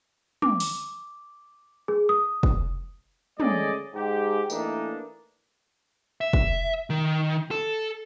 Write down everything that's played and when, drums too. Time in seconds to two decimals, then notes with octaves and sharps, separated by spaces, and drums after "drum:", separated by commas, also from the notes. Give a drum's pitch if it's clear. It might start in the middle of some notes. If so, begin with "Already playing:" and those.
0.42 D6, drum: tom
0.60 drum: open hi-hat
1.88 G#4
2.09 D#6
2.43 drum: kick
3.40 G#3 A3 C#4 G#4 D5 D#5, drum: tom
3.94 G#2 G4
4.50 E3 A3 A#3 D4 D#4, drum: tambourine
6.21 E5
6.33 drum: kick
6.90 D#3
7.51 A4